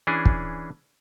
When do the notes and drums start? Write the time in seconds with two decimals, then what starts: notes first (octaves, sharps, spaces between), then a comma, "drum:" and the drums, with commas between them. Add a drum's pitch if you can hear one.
0.07 E3 C#4 D4 G#4
0.25 drum: kick